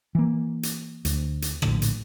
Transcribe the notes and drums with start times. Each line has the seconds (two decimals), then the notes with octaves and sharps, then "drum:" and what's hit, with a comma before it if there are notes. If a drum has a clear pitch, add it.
0.15 E3 A#3
0.63 drum: hi-hat
1.05 D2, drum: hi-hat
1.42 drum: hi-hat
1.62 A#1 A2 D3, drum: rim click
1.82 drum: hi-hat